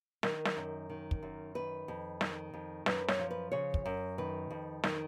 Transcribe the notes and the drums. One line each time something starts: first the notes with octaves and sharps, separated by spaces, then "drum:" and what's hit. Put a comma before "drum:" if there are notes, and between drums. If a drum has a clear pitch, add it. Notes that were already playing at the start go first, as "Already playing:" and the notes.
D#3 A#4, drum: snare
drum: snare
F#2
D#3
drum: kick
F#2
D#3 B4
F2
D#3, drum: snare
F2
F#2 B4, drum: snare
C#5, drum: snare
F3
B4
C#3 C#5
drum: kick
F#2
D#3 B4
F2
D#3, drum: snare